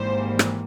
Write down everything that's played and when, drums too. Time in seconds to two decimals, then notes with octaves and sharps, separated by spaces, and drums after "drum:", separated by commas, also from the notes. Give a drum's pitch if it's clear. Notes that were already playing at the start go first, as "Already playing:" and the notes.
Already playing: G#1 G#2 E3 G3 A#3 C5
0.39 drum: rim click